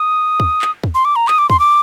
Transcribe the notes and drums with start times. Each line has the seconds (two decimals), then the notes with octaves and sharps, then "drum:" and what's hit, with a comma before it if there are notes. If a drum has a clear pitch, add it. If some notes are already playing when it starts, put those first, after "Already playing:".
Already playing: D#6
0.40 drum: kick
0.62 drum: clap
0.84 drum: kick
0.95 C6
1.05 D6
1.16 A#5
1.28 D#6, drum: clap
1.38 D6
1.50 C6, drum: kick
1.60 D6